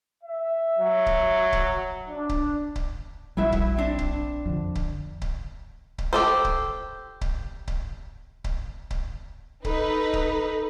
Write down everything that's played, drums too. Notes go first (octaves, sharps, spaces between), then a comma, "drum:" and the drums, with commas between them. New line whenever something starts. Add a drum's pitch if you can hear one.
E5
F#3
drum: kick C#1
drum: kick C#1
D4
drum: kick C#1
drum: kick C#1
A#1 F#3 G3 E4 E5
drum: kick C#1
C4 D4
drum: kick C#1
F2 D3
drum: kick C#1
drum: kick C#1
drum: kick C#1
G4 A4 C5
drum: kick C#1
drum: kick C#1
drum: kick C#1
drum: kick C#1
drum: kick C#1
D#4 A4 B4, drum: kick C#1
drum: kick C#1